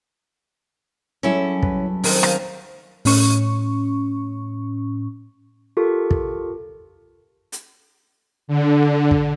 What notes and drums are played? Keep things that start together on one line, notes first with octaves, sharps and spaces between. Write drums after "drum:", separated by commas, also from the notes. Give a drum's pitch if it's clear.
F#2 F#3 G3 C#4 E4 G#4 A4 G#5
B4, drum: kick
C3 D#3, drum: open hi-hat
F5 G5, drum: rim click
A2 C#4 C#6, drum: open hi-hat
F4 G4 A4 A#4 C#6
drum: kick
drum: hi-hat
D3
drum: kick